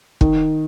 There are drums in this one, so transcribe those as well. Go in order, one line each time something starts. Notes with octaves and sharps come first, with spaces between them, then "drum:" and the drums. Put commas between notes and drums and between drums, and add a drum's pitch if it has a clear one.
D#3, drum: kick